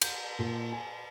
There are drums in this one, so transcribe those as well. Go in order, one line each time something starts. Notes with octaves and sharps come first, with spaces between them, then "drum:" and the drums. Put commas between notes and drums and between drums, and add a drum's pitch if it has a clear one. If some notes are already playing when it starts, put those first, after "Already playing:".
G6, drum: cymbal
A#2
G#5